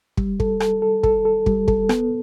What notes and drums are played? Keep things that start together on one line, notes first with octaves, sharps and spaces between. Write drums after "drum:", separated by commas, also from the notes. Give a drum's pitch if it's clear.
G3, drum: kick
A4, drum: kick
A4, drum: rim click
A4
A4, drum: kick
A4
G3, drum: kick
A4, drum: kick
B3, drum: rim click